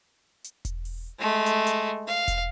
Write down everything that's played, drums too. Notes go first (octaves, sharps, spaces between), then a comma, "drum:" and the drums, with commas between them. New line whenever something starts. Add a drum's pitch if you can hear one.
drum: hi-hat
drum: kick E1, hi-hat
drum: open hi-hat
G#3 A3
drum: hi-hat
drum: hi-hat
F5
drum: kick E1, hi-hat